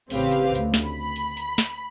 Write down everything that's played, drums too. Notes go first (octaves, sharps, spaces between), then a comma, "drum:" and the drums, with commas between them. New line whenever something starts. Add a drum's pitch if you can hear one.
A1 C#3 C4 G4 B4 F5, drum: open hi-hat
drum: hi-hat
D2, drum: hi-hat
drum: snare
B5
drum: hi-hat
drum: hi-hat
drum: snare